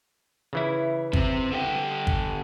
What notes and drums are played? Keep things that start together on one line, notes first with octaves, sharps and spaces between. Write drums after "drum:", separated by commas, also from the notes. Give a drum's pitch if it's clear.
C#3 E3 E4
C3 C4, drum: kick G1
D3 G4
drum: kick G1